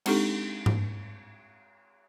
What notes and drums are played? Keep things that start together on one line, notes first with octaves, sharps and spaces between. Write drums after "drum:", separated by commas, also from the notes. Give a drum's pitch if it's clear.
G#3 C4 D4 D#4 G4 A4, drum: cymbal
drum: tom G#2